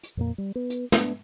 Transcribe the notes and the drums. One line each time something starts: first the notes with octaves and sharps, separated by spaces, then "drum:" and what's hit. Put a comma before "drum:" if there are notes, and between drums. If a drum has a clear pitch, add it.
drum: hi-hat
F2 A#2 A#3
G3
B3
drum: hi-hat
A3 B3 D4, drum: snare